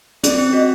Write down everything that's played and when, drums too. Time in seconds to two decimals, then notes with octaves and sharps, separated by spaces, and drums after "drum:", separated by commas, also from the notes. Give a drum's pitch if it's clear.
0.24 C4 D5, drum: hi-hat
0.39 C4
0.53 F#4 D#5